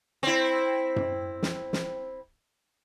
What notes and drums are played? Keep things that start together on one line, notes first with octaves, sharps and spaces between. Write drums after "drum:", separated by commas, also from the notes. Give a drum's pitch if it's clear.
C4 E4
drum: tom F#2
drum: snare
drum: snare